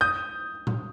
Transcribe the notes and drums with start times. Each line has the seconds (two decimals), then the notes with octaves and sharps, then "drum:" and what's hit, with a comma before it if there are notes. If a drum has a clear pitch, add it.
0.01 D#6 G6
0.67 drum: tom A#2